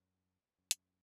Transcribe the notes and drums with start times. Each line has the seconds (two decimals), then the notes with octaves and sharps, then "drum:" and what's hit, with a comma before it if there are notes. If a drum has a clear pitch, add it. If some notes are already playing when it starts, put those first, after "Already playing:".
Already playing: F#2
0.58 F#2
0.71 drum: hi-hat